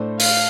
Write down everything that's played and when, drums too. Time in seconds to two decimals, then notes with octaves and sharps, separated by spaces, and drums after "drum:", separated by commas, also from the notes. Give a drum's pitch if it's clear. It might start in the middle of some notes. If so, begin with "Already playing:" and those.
Already playing: A2 A3 D4 A4 C5
0.20 F5, drum: open hi-hat